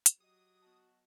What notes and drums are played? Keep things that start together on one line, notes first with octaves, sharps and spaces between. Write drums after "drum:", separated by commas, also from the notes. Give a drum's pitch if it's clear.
drum: hi-hat
F#3 G4 D#5 D#6
B3 F#4 D#5 A5